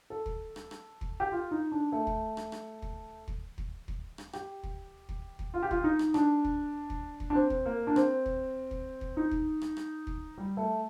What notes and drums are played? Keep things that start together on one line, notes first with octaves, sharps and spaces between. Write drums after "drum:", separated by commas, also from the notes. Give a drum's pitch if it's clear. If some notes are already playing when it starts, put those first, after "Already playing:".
A4
drum: kick
drum: rim click
drum: rim click
drum: kick
G4
F4
D#4
D4
A3
drum: kick
drum: rim click
drum: rim click
drum: kick
drum: kick
drum: kick
drum: kick
drum: rim click
G4, drum: rim click
drum: kick
drum: kick
drum: kick
F4
G4
F4, drum: kick
D#4
drum: rim click
D4, drum: rim click
drum: kick
drum: kick
drum: kick
D4
C4
drum: kick
A#3
D4
C4, drum: rim click
drum: kick
drum: kick
drum: kick
D#4
drum: kick
drum: rim click
drum: rim click
drum: kick
G3
A3